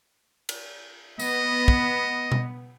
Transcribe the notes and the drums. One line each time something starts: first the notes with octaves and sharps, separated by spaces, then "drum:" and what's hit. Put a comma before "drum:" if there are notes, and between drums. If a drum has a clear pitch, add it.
drum: cymbal
B3 D#5, drum: tambourine
drum: kick
drum: tom B2